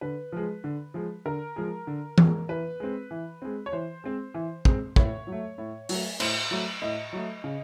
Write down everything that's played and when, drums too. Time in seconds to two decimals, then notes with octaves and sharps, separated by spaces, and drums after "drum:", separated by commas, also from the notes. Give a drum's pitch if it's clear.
0.01 D3 B4
0.32 F3 G#3
0.64 D3
0.94 F3 G#3
1.25 D3 A#4
1.56 F3 G#3
1.87 D3
2.18 F3 G#3, drum: tom E3
2.49 E3 B4
2.80 G#3 C4
3.11 E3
3.42 G#3 C4
3.66 C#5
3.72 E3 C5
4.04 G#3 C4
4.34 E3
4.65 G#3 C4, drum: kick
4.96 A2 C#5, drum: kick
5.27 F#3
5.32 A3
5.58 A2
5.89 F#3 A3, drum: open hi-hat
6.20 A2 C5, drum: cymbal
6.51 F#3 A3
6.82 A2 D#5
7.13 F#3 A3
7.44 C#3